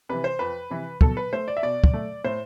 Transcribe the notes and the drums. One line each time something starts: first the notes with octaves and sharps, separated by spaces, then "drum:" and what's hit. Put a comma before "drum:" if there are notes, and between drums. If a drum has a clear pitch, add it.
C3 E3 B4
C5
F2 B4
C3 E3
B2 A4, drum: kick
B4
A3 C5
D5
E5
B2 D5
drum: kick
A3
A2 C5